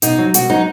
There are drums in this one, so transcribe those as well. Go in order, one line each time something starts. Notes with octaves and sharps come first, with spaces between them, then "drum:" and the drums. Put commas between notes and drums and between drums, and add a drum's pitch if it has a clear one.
B2 D#4, drum: hi-hat
F#3
B2 F#4, drum: hi-hat
F#3 D#4